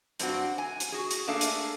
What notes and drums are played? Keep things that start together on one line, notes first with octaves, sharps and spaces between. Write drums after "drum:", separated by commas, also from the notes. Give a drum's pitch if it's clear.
G2 C4 F#4, drum: hi-hat
G#5
drum: hi-hat
F#4 G#4
drum: hi-hat
A3 A#3 D4 G#4 A4 F5
drum: hi-hat